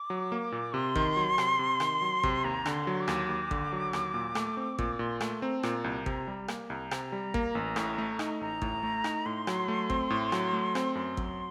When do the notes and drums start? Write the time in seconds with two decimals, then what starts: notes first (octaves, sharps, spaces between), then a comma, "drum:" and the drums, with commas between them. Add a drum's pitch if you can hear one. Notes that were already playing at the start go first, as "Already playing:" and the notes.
Already playing: D6
0.10 F#3
0.32 A#3
0.52 A#2
0.73 C3 C6
0.96 D#3, drum: kick
1.17 F#3
1.38 C3, drum: rim click
1.59 C3
1.80 D#3, drum: rim click
2.02 F#3
2.23 C3, drum: kick
2.44 D#2 A#5
2.66 D3, drum: rim click
2.72 C6
2.87 F#3
3.01 D6
3.08 D#2, drum: rim click
3.29 D#2
3.51 D3, drum: kick
3.73 F#3
3.93 D#2, drum: rim click
4.14 A#2
4.35 A3, drum: rim click
4.57 C4
4.79 A#2, drum: kick
4.99 A#2 C6
5.21 A3 C6, drum: rim click
5.42 C4 A#5
5.60 A5
5.63 A#2 A#5, drum: rim click
5.84 C2
6.06 C3, drum: kick
6.28 G3
6.48 A#3, drum: rim click
6.70 C2 A#5
6.91 C3, drum: rim click
7.12 G3
7.34 A#3, drum: kick
7.55 A1
7.76 A2, drum: rim click
7.98 A3
8.19 D#4, drum: rim click
8.41 A1 A#5
8.62 A2, drum: kick
8.83 A3
9.04 D#4, drum: rim click
9.26 A2 C6
9.47 F#3, drum: rim click
9.68 A3
9.90 C4, drum: kick
10.10 A2
10.32 F#3, drum: rim click
10.53 A3
10.75 C4, drum: rim click
10.95 F#2 C6
11.17 F#3, drum: kick